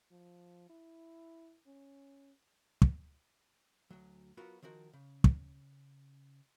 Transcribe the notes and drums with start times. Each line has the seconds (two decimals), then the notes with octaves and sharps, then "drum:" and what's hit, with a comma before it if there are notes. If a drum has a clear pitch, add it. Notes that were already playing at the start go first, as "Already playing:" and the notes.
0.11 F3
0.69 E4
1.67 C#4
2.82 drum: kick
3.90 D2 F#3
4.37 F#3 B3 F4 F#4 A#4 B4
4.62 D#3 F3 F#4 A#4
4.93 C#3
5.24 drum: kick